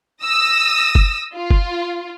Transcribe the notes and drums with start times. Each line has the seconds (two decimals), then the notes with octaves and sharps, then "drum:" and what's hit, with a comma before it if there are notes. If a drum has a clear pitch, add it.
0.23 D#6 E6 A#6
0.95 drum: kick F#1
1.34 F4
1.51 drum: kick F#1